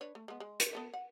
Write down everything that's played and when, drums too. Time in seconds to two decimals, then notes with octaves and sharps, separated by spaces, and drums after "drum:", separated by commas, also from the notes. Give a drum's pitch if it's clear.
0.01 D4 B4 C#5
0.15 A3
0.28 G#3 B3
0.40 G#3
0.60 drum: hi-hat
0.73 B3 A4 E5
0.94 F#5